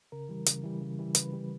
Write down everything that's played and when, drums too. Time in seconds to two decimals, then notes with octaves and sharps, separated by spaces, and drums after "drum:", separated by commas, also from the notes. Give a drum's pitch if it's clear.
0.12 C#3 A#4
0.29 E3 G3
0.46 C#3, drum: hi-hat
0.64 E3 G3
0.81 C#3
0.99 E3 G3
1.15 C#3 B4, drum: hi-hat
1.33 E3 G3